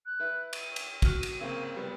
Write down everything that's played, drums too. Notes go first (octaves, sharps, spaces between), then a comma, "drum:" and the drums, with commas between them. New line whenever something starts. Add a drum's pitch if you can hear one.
F#6
E4 B4
D#7, drum: cymbal
drum: cymbal
F#4 F6, drum: kick, cymbal
drum: cymbal
C#3 A#3 C4
G3 B3